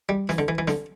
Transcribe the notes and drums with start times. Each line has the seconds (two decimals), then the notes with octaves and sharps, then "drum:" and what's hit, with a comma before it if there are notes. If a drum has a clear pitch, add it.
0.09 G3
0.29 E3, drum: snare
0.38 D3
0.48 E3
0.58 E3
0.68 D3, drum: snare